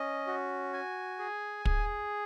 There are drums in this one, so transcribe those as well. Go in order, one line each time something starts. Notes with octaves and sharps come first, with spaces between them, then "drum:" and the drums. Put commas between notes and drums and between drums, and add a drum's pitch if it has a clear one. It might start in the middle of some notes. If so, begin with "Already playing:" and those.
Already playing: C#4 D#5
F#4
G#5
G#4
G#4, drum: kick